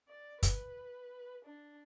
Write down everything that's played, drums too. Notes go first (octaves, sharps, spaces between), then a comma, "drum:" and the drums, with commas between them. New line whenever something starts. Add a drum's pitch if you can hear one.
D5
B4, drum: kick, hi-hat
D4